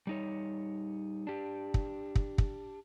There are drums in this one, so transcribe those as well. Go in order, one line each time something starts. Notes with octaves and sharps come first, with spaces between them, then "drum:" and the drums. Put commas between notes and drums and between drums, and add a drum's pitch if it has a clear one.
G3 D#4 C#5
D4 G4
drum: kick
drum: kick
drum: kick